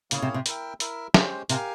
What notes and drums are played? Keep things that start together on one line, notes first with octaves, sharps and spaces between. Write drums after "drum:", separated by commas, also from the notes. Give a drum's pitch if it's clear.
C#3 A#3 C#4 E4 G#4 C#5, drum: hi-hat
C3
C3
E4 A#4 E5 G5, drum: hi-hat
E4 A#4 E5, drum: hi-hat
G#3 C#4 G4 C5, drum: snare
C3 G4 A#4 F5 G#5, drum: hi-hat